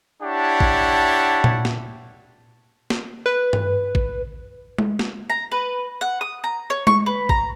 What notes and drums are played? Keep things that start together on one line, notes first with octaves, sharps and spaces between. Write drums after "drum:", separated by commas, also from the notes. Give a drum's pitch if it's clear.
D4 E4 G4 C#5 F#5 A5
drum: kick A1
drum: tom A#2
drum: snare
drum: snare
B4
drum: tom G2
drum: kick A1
drum: tom G#3
drum: snare
A#5
B4
F#5
D#6
A#5
C#5
C#6, drum: tom G#3
B4
A#5, drum: kick A1